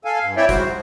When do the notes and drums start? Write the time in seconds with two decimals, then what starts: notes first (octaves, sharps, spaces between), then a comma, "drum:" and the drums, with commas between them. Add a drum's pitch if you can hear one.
0.05 A4 F5 G#5
0.22 G2
0.37 C4 E4 C#5 D5 E5 G5
0.49 G#2 G3 F#4 C5, drum: kick, hi-hat
0.65 F3